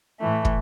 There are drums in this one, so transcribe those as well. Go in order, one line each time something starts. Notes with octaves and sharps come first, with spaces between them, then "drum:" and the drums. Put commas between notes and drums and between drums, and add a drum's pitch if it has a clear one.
A2 E3 A3
drum: kick